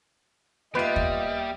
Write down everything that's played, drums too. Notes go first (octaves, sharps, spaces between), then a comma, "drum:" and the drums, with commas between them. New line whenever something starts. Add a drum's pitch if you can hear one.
G3 A#3 F4 B4 D#5 E5
drum: kick